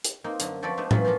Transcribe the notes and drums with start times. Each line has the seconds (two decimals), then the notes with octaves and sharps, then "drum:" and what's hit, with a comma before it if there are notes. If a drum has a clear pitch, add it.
0.04 drum: hi-hat
0.24 A#3 C4 D#4
0.40 F#2 D3, drum: hi-hat
0.62 F3 C4 F#4 A4 B4 D5
0.77 G#3 A3 B3 D4 G4
0.91 E3 F#3 C#4 E4 F4, drum: tom A2
1.05 F3 A#3 B3 F4 F#4